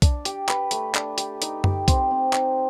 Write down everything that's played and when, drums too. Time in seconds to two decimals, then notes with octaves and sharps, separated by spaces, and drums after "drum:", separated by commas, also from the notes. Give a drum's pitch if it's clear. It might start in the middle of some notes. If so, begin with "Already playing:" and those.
0.02 D4, drum: kick B1, hi-hat
0.25 G4, drum: hi-hat
0.49 B4, drum: clap
0.71 A3, drum: hi-hat
0.95 D4, drum: clap
1.18 G4, drum: hi-hat
1.42 D#4, drum: hi-hat
1.64 G4, drum: tom F#2
1.88 C4, drum: kick B1, hi-hat
2.11 C4
2.33 D#4, drum: clap